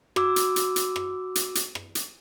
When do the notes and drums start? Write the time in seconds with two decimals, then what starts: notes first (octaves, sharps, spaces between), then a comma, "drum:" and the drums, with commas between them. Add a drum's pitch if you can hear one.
0.16 F#4 D6 E6, drum: rim click
0.36 drum: hi-hat
0.56 drum: hi-hat
0.76 drum: hi-hat
0.96 drum: rim click
1.35 drum: hi-hat
1.55 drum: hi-hat
1.75 drum: rim click
1.95 drum: hi-hat